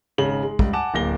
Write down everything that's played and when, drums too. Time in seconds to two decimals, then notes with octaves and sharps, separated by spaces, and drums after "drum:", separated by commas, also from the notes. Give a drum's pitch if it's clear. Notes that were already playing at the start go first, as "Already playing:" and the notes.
0.18 G#1 C#3 F#7
0.42 G#3
0.59 C#2 G2, drum: kick
0.73 F#5 G#5 A5 D6 E7
0.94 D1 A#3 A#6 G7